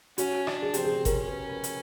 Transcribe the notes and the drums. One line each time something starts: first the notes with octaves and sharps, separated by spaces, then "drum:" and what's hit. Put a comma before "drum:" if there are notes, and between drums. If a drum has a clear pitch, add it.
C#4 F#4, drum: hi-hat
D4, drum: rim click
G#4
C4 G4, drum: hi-hat
G#4
C#4 A#4, drum: kick G1, hi-hat
B4
B4
drum: hi-hat